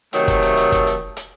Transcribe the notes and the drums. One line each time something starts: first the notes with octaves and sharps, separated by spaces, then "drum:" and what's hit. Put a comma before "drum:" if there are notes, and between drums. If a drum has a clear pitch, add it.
C3 D#3 F#3 A3, drum: hi-hat
drum: kick, hi-hat
drum: hi-hat
drum: hi-hat
drum: kick, hi-hat
drum: hi-hat
drum: hi-hat